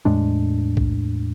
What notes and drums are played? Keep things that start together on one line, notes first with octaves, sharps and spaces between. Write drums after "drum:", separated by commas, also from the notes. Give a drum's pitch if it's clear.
E2 A2 G#3 D4
drum: kick B1